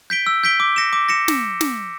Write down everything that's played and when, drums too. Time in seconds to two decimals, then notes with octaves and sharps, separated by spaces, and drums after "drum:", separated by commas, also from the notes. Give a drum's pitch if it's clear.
0.10 G6 B6 D7 G7
0.27 E6
0.43 G6 B6 D7 G7
0.60 D6
0.76 A#6 C#7 E7
0.93 D6
1.09 A#6 C#7 E7
1.28 drum: snare
1.61 drum: snare